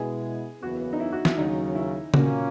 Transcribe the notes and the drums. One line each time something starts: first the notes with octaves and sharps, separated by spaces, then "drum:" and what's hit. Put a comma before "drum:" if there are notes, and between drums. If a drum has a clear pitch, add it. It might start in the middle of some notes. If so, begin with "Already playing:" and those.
Already playing: B2 G#3 B3 E4 G#4
F#1 E2 C#3 E3 B3 F#4
D#4
E4
F#4
E4, drum: snare
D#2 C#3 F#3 D#4
E4
A#2 A#3 C#4 F#4, drum: tom C#3